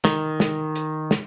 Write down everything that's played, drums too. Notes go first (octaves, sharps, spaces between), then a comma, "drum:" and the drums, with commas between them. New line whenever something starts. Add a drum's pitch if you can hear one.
D#3, drum: snare
drum: snare
drum: hi-hat
drum: snare